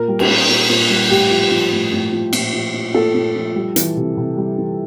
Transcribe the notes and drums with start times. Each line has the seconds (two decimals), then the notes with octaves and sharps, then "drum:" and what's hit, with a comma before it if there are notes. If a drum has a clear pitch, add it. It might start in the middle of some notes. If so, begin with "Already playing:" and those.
Already playing: A#2 A#4
0.08 G3
0.19 drum: cymbal
0.28 G3
0.49 A#2
0.69 A#2
0.90 G3
1.10 A2 G4
1.31 F3
1.51 F3
1.72 A2
1.92 A2
2.12 F3
2.33 A#2, drum: cymbal
2.53 F3
2.74 F3
2.94 A#2 A4
3.15 A#2
3.36 F3
3.56 G3
3.76 E3, drum: hi-hat
3.97 C3
4.17 C3
4.37 G3
4.58 E3